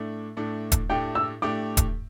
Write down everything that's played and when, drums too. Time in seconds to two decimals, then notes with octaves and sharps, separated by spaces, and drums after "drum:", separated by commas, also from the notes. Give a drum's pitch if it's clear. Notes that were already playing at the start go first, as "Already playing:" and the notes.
Already playing: A2 A3 D4
0.37 A2 A3 D4
0.72 drum: kick D#1, hi-hat
0.89 A2 A3 D4 G4 G5
1.15 E6
1.42 A2 A3 D4 G4 D6
1.77 drum: kick D#1, hi-hat